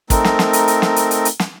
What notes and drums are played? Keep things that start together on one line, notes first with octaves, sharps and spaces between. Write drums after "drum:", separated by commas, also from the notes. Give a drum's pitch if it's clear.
A3 C4 D#4 A#4, drum: kick, hi-hat
drum: snare
drum: snare
drum: hi-hat
drum: hi-hat
drum: snare
drum: hi-hat
drum: hi-hat
drum: hi-hat
drum: snare